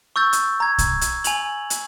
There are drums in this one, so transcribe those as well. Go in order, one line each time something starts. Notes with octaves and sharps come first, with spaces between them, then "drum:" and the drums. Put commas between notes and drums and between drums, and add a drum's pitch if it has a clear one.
C#6 E6 G6 A6
drum: hi-hat
A#5 G#6
drum: kick, hi-hat
drum: hi-hat
G#5 F7 F#7, drum: hi-hat
drum: hi-hat